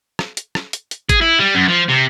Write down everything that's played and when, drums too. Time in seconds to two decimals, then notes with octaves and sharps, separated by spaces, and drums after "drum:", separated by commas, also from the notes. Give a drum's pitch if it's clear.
0.19 drum: rim click
0.37 drum: hi-hat
0.55 drum: rim click
0.73 drum: hi-hat
0.91 drum: hi-hat
1.09 G#4, drum: kick, hi-hat
1.21 E4
1.39 G3
1.55 F#2
1.68 F3
1.89 C3